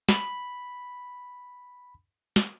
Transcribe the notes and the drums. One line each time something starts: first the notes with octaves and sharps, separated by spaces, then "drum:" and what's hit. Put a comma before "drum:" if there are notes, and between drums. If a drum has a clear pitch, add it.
B5 B6, drum: snare
drum: snare